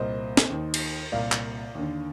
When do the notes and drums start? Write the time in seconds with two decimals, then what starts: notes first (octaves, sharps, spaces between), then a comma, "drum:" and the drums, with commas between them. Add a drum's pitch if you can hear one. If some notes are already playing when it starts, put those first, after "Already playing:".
Already playing: C2 A#2 C5 D#5
0.37 drum: snare
0.50 D#2 D#3
0.74 drum: cymbal
1.12 C2 A#2 D5 F5
1.32 drum: clap
1.75 D#2 D3